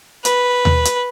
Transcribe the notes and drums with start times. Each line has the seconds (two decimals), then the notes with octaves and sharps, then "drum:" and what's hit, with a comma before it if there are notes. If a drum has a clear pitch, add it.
0.25 B4, drum: hi-hat
0.65 drum: tom D#2
0.85 drum: hi-hat